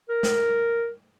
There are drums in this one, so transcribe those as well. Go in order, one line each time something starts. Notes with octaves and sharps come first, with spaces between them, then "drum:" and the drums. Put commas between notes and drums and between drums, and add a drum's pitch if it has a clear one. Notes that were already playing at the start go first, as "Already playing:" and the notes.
A#4
drum: snare